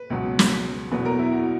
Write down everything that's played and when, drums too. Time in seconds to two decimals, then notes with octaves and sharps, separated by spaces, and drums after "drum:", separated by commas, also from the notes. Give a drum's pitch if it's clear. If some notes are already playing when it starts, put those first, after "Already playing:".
Already playing: B4
0.10 C#2 B2 F#3
0.39 drum: snare
0.91 E2 B2 F#3 B4
1.05 A#4
1.19 E4
1.32 F#4